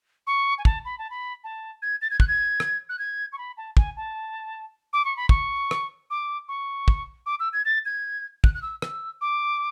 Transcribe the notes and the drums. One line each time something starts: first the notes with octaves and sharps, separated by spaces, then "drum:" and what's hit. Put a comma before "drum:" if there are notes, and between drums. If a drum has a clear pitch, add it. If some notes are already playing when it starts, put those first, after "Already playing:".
C#6
G#5
A5, drum: kick
B5
A5
B5
A5
G#6
A6
G#6
F#6, drum: kick
G#6
drum: rim click
F#6
G#6
C#6
B5
A5
G#5, drum: kick
A5
D6
C#6
B5
C#6, drum: kick
drum: rim click
D6
C#6
drum: kick
D6
E6
G#6
A6
G#6
F#6, drum: kick
F#6
E6
E6, drum: rim click
D6